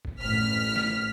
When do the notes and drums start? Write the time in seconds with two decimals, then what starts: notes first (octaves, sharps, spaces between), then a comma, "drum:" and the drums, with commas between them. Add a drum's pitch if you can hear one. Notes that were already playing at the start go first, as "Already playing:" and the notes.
0.05 drum: kick G1
0.21 A1 F6 B6
0.33 drum: tom
0.76 drum: snare